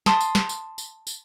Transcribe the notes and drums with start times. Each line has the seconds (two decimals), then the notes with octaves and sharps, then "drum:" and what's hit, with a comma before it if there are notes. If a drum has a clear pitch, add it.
0.06 A5 C6 D#6, drum: snare
0.21 drum: tambourine
0.35 drum: snare
0.49 drum: tambourine
0.78 drum: tambourine
1.07 drum: tambourine